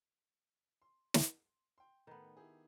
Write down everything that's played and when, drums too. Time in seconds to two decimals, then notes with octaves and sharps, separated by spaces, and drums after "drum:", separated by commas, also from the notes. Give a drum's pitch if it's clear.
0.82 C6
1.14 drum: snare
1.78 G5 C6
2.07 A2 D#3 A3 B3 B4
2.37 E4 G4 G#4